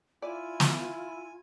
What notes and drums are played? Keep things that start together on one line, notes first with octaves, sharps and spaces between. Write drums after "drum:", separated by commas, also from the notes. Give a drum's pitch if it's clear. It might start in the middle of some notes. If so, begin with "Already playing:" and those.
E4 F4 D5 G#5
drum: snare